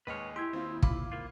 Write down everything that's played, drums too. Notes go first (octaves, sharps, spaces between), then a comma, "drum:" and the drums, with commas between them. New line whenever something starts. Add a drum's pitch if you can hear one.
D#2 G#3 B4 C#5 F6
E4 G4 C6 E6 G#6
D#2 C4 D#4 F4
F4 F5 B5 D6, drum: kick
G#2 A#3 F4